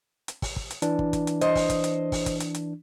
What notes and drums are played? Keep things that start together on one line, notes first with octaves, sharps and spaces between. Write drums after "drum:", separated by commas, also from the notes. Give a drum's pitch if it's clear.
drum: hi-hat
drum: kick, open hi-hat
drum: kick
drum: hi-hat
E3 D4, drum: hi-hat
drum: kick
drum: kick, hi-hat
drum: hi-hat
C5 D#5, drum: hi-hat
drum: kick, open hi-hat
drum: kick, hi-hat
drum: hi-hat
drum: kick, open hi-hat
drum: kick, hi-hat
drum: hi-hat
drum: hi-hat